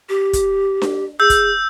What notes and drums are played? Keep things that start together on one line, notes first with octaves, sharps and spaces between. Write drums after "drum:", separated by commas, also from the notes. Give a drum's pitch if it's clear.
G4
drum: kick, hi-hat
drum: snare D4
G#4 E6 G6
drum: kick, hi-hat